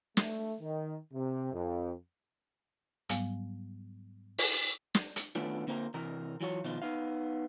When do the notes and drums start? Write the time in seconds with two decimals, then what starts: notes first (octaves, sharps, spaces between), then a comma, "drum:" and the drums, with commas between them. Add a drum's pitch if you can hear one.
0.17 A3, drum: snare
0.61 D#3
1.13 C3
1.53 F2
3.09 G#2 F#3 G3 B3 F5 G#5, drum: hi-hat
4.38 drum: open hi-hat
4.95 drum: snare
5.16 drum: hi-hat
5.35 D#3 A3 B3 C#4 D4 F4
5.67 D3 A#3 C4 F4 A#4
5.94 C3 E3 A#4
6.41 E3 F#3 F4 C#5
6.64 B2 D#3 F3 D#4 F4
6.82 B3 D#4 F5